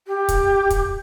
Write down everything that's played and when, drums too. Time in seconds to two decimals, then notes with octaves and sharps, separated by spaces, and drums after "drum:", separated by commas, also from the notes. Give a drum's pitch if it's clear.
0.08 G4
0.29 drum: kick, hi-hat
0.70 drum: kick, hi-hat